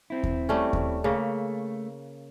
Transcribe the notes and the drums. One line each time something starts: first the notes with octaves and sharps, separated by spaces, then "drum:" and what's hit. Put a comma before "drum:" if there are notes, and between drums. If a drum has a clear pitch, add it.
C4 E4
drum: kick D#2
G3 A3 C#4
drum: kick D#2
C#3 A3 A#3